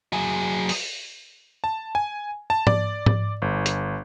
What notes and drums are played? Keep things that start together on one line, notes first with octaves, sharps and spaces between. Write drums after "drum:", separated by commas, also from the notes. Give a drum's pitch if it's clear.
F#3 G#4
drum: open hi-hat
A5
G#5
A5
D5, drum: tom G#2
drum: tom G#2
G1
drum: hi-hat